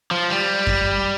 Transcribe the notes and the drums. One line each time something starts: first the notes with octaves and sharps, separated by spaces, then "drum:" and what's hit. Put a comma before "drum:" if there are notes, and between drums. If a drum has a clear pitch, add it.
F3
G3
drum: kick F#2